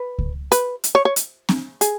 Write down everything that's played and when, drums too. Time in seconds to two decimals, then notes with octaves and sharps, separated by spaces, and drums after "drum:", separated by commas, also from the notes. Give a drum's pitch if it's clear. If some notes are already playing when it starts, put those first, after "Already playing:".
Already playing: B4
0.19 drum: kick C#2
0.52 B4, drum: hi-hat
0.84 drum: hi-hat
0.95 C#5
1.05 C#5
1.16 drum: hi-hat
1.49 drum: snare C4
1.81 G#4, drum: hi-hat